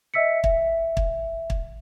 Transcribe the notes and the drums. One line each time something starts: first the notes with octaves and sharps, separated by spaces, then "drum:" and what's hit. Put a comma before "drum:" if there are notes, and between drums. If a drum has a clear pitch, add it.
D#5 E5 E6 B6 C#7
E5, drum: kick
drum: kick
drum: kick